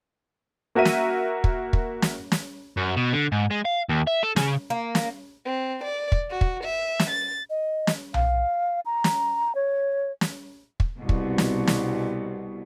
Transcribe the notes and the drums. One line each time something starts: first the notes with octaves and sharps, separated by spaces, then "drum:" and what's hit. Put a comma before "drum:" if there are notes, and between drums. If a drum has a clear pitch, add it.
A#3 F#4 A#4 E5 D#7
drum: snare
drum: kick
drum: kick
drum: snare
drum: snare
F#2
B2
D3
G#2
G#3
F5
D#2
E5
A4
C#3, drum: snare
A#3
drum: snare
C4
D5
drum: kick
F#4
drum: kick
E5
drum: snare
A6
D#5
drum: snare
F5, drum: tom B1
A#5
drum: snare
C#5
drum: snare
drum: kick
C2 B2
drum: kick
drum: snare
drum: snare